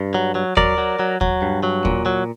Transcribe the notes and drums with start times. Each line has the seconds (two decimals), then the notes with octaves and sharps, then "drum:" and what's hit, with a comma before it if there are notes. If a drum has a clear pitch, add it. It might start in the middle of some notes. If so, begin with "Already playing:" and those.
Already playing: G2
0.14 F#3
0.35 F#3
0.57 F#3 A#4 D5, drum: kick D#2
0.78 F#3
0.99 F#3
1.21 F#3, drum: kick D#2
1.42 G2
1.63 F#3
1.85 A#2, drum: kick D#2
2.06 F#3